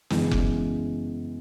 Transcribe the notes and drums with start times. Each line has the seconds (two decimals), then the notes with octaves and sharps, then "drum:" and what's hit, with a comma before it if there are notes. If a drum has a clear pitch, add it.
0.10 F#2 C#3 E3 G#3 B3, drum: snare
0.31 drum: kick F1